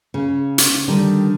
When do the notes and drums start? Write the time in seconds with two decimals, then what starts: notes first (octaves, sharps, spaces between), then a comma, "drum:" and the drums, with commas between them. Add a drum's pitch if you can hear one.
0.14 C#3
0.58 drum: hi-hat
0.88 D3 D#3 G3